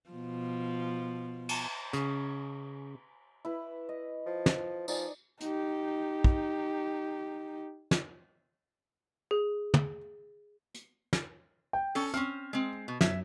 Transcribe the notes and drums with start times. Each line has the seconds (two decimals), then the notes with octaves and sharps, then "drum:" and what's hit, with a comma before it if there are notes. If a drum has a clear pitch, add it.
0.10 B2 F3
1.49 drum: cymbal
1.93 C#3, drum: hi-hat
3.45 E4 B4
3.89 D#5
4.26 F3
4.46 drum: snare
4.88 F3 D#4 D5 G#5, drum: tambourine
5.41 D#4 G4, drum: hi-hat
6.24 drum: kick
7.91 drum: snare
9.31 G#4
9.74 drum: tom
10.74 drum: hi-hat
11.13 drum: snare
11.73 G5
11.95 C#4 A4, drum: open hi-hat
12.14 C4 C#4 F6, drum: hi-hat
12.53 G#3 C4
12.88 B2
13.01 F#2 E5 G#6, drum: snare